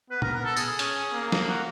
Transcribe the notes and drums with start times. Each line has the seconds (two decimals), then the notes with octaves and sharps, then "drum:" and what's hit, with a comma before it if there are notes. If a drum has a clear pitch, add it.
0.10 B3 B4
0.22 A#4, drum: tom
0.34 A#4
0.45 A4
0.57 G#4, drum: tambourine
0.68 G#4
0.79 C#4, drum: hi-hat
1.13 A#3
1.32 drum: snare
1.48 F#4